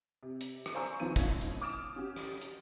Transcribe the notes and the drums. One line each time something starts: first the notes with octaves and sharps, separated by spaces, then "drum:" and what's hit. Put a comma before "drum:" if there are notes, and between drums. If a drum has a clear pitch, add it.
C3
drum: hi-hat
drum: rim click
C5 D5 G#5 A#5 C#6 E6
C2 D#3 F3 B3 D#7
G#1 B2 C#4 D#4 F4 G#6, drum: kick, hi-hat
drum: hi-hat
D6 D#6 F6 D7 E7
C#4 F#4 G4
drum: rim click
drum: hi-hat